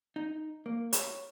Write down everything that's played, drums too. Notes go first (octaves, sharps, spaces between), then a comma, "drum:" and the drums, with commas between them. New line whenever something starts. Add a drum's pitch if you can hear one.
D#4
A#3
C#5, drum: hi-hat